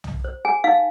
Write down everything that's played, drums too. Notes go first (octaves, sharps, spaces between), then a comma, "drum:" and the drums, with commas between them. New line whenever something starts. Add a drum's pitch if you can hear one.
drum: tom B1
C5
G#4 G#5
D#4 F5